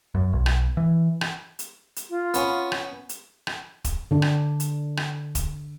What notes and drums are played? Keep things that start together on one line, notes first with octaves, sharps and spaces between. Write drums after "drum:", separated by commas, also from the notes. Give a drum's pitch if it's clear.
F#2
B1
drum: rim click
E3
drum: rim click
drum: hi-hat
drum: hi-hat
F4
B3 C#4, drum: hi-hat
drum: rim click
drum: hi-hat
drum: rim click
drum: kick, hi-hat
D3 D4
drum: rim click
drum: hi-hat
drum: rim click
drum: kick, hi-hat